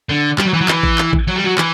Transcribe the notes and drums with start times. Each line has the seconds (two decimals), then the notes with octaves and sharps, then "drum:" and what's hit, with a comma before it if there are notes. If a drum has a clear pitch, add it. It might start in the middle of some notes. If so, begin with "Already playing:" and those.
0.09 D3
0.38 G3, drum: clap
0.45 F#3
0.53 E3
0.61 F#3
0.68 E3, drum: clap
0.83 drum: kick A1
0.98 drum: clap
1.13 drum: kick A1
1.28 F#3
1.36 G3
1.45 F#3
1.58 E3, drum: clap